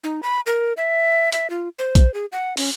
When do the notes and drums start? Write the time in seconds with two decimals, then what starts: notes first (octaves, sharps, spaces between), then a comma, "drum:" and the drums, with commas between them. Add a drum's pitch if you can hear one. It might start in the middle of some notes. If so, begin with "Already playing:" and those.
0.04 D#4
0.23 B5
0.46 A#4
0.77 E5
1.32 E5, drum: hi-hat
1.50 F4
1.79 C5
1.95 drum: kick A#1, hi-hat
2.14 G#4
2.32 F#5
2.57 C#4, drum: open hi-hat